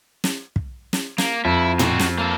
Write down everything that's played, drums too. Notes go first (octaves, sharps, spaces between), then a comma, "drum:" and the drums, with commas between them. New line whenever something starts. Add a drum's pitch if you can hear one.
drum: snare
drum: kick
drum: snare
A#3, drum: snare
F2 E4
C4 F#4, drum: tom A2
drum: snare
A#3 A4